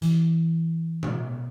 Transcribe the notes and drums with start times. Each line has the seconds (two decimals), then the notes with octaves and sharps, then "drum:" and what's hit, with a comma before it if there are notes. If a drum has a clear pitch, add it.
0.02 E3, drum: hi-hat
1.03 drum: tom B2